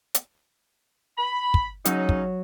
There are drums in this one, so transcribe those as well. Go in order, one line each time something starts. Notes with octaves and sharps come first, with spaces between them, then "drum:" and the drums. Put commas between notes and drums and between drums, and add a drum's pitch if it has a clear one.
drum: hi-hat
B5
drum: kick
C#3 F#3 C#4 D#4, drum: hi-hat
drum: kick